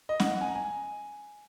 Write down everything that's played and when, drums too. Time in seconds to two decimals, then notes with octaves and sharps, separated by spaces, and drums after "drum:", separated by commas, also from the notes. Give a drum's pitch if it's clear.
0.09 D#5
0.20 F#5, drum: snare C#4
0.31 F#5
0.41 G#5
0.48 A#5
0.55 G#5